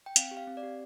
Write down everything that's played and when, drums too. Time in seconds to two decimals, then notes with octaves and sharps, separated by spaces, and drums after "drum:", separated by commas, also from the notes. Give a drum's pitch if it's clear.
0.06 G5
0.16 C4 F5, drum: hi-hat
0.31 G4
0.37 F5
0.47 C4
0.57 D5
0.63 G4